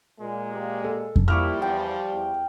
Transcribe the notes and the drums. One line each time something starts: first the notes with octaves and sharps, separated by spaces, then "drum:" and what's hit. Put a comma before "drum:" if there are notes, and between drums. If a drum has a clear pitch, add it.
A#2 G#3
A#3 G4
A4
drum: kick F2
F3 G3 A#3 E4 C#6 D6 F6
E2 G5
E2